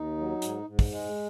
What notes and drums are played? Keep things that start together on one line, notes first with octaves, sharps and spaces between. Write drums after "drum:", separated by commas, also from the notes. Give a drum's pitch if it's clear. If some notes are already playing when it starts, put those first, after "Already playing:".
Already playing: D#2 D#4
F#3
G#2, drum: hi-hat
G#2
drum: kick, open hi-hat
G#3